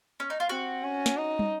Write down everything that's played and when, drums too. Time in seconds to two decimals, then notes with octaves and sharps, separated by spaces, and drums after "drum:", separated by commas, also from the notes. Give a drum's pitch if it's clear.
0.20 C#4
0.30 D#4
0.40 F4
0.49 C4 F#4
0.84 C#4
1.06 drum: snare
1.17 D#4
1.39 drum: tom